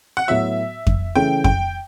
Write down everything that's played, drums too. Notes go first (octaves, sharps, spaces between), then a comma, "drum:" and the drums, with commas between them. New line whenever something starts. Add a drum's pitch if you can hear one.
F#5
A2 F#3 B3 F#4 C#5 E5
drum: kick F2
C#3 E3 A3 C#4 G5
G5, drum: kick F2